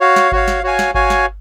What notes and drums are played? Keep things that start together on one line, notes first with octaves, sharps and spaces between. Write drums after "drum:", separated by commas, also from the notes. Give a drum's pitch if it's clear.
F#4 C#5 F5
drum: snare
F#4 C#5 F5, drum: kick G1
drum: snare
F#4 C#5 F5 G#5
drum: snare
F#4 C#5 F5 G#5, drum: kick G1
drum: snare